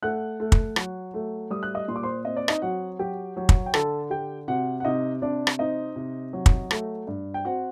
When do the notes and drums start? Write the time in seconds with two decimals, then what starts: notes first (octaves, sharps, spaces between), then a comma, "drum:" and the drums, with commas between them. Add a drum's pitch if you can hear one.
0.02 A3 F#5 F#6
0.40 A3
0.52 drum: kick
0.76 F#3, drum: rim click
1.14 A3
1.50 G3 D#6
1.63 F#6
1.75 D#5 D#6
1.88 A#2 C6
1.96 D6
2.03 C5 C6
2.25 C4 D#5
2.37 D5
2.48 D#4 D#5, drum: rim click
2.62 F#3 F#4 F#5
2.99 F#3 G4 G5
3.37 F#3
3.49 drum: kick
3.66 G5
3.74 D3 A4 A5, drum: rim click
4.10 D3 G4 G5
4.48 C3 F#4 F#5
4.80 F#5
4.85 C3 D#4 D#5
5.22 C3 D4 D5
5.47 drum: rim click
5.59 C4 D#4 D#5
5.96 C3
6.33 F#3
6.46 drum: kick
6.71 A3, drum: rim click
7.07 G2
7.34 G5
7.45 C4 F#4 F#5